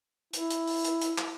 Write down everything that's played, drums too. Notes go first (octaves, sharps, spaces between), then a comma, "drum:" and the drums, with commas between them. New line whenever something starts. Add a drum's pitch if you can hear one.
E4, drum: hi-hat
drum: hi-hat
drum: open hi-hat
drum: hi-hat
drum: hi-hat
drum: clap